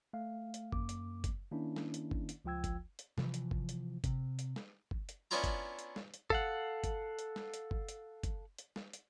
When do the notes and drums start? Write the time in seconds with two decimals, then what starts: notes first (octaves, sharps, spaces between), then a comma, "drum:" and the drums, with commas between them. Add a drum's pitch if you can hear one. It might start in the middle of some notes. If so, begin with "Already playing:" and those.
0.13 A3 F5
0.54 drum: hi-hat
0.72 F#2 A#3 D6, drum: kick
0.89 drum: hi-hat
1.24 drum: kick, hi-hat
1.51 D#3 A#3 C#4 D4 E4
1.76 drum: snare
1.94 drum: hi-hat
2.11 drum: kick
2.29 drum: hi-hat
2.45 C#2 F3 F4 G5 E6 G#6
2.64 drum: kick, hi-hat
2.99 drum: hi-hat
3.18 C3 E3 F3, drum: snare
3.34 drum: hi-hat
3.51 drum: kick
3.69 drum: hi-hat
4.04 C3, drum: kick, hi-hat
4.39 drum: hi-hat
4.56 drum: snare
4.91 drum: kick
5.09 drum: hi-hat
5.31 B3 C#4 D4 E4 F4 A#5
5.44 drum: kick, hi-hat
5.79 drum: hi-hat
5.96 drum: snare
6.14 drum: hi-hat
6.30 A4 F5 F#5, drum: kick
6.84 drum: kick, hi-hat
7.19 drum: hi-hat
7.36 drum: snare
7.54 drum: hi-hat
7.71 drum: kick
7.89 drum: hi-hat
8.23 drum: kick, hi-hat
8.58 drum: hi-hat
8.76 drum: snare
8.93 drum: hi-hat